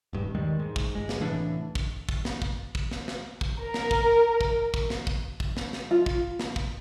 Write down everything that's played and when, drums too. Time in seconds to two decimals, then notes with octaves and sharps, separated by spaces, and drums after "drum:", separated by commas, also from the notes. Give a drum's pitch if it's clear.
0.13 D#1 G2
0.35 D#2 D#3 G3 G#3
0.59 G#2
0.76 drum: kick
0.94 G1 G#3
1.09 drum: snare
1.19 C2 A2 E3 D4
1.75 drum: kick
2.09 drum: kick
2.25 drum: snare
2.42 drum: kick
2.75 drum: kick
2.91 drum: snare
3.08 drum: snare
3.41 drum: kick
3.61 A#4
3.74 drum: snare
3.91 drum: kick
4.41 drum: kick
4.74 drum: kick
4.90 drum: snare
5.07 drum: kick
5.40 drum: kick
5.57 drum: snare
5.73 drum: snare
5.91 F4
6.06 drum: kick
6.39 drum: snare
6.56 drum: kick